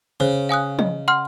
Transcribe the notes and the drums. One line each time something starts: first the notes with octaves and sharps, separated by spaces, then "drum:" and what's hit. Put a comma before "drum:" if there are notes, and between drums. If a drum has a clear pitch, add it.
C#3 C5
F5 G#5 D#6 F#6
D#5, drum: tom
F#5 C6 F6